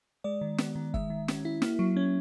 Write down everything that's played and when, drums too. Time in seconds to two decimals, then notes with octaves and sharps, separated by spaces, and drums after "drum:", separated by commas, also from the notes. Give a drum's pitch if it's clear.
0.24 G#3 D5
0.41 D#3
0.58 B3, drum: snare
0.75 D#3
0.94 G#3 E5, drum: kick
1.10 D#3
1.28 C#4, drum: snare
1.45 E4
1.62 A#3, drum: snare
1.79 F#3
1.96 C#4